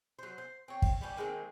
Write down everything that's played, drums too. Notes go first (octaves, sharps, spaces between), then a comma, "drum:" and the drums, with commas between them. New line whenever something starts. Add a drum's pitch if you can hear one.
F#3 C5
C5
C4 C#5
drum: kick
G3 B3 C#4 G4
D#3 G#3 A#3 C4